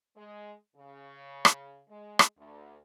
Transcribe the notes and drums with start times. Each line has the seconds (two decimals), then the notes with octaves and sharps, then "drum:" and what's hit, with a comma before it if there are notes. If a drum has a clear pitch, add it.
0.17 G#3
0.77 C#3
1.45 drum: rim click
1.89 G#3
2.19 drum: rim click
2.38 D2